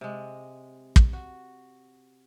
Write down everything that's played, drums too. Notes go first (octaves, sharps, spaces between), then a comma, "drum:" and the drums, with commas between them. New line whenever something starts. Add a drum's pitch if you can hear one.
C3 G#3
drum: kick
F#4